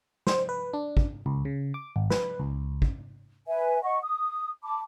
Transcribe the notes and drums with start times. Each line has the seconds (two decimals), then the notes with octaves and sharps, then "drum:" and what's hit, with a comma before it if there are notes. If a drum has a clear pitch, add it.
0.27 C5, drum: snare
0.49 B4
0.73 D4
0.97 drum: kick
1.26 C#2
1.45 C#3
1.74 D6
1.96 G#1
2.10 B4, drum: snare
2.39 C#2
2.82 drum: kick
3.47 B4 E5 G#5
3.83 D#5 F#5 C#6
4.02 D#6
4.63 A5 B5 D6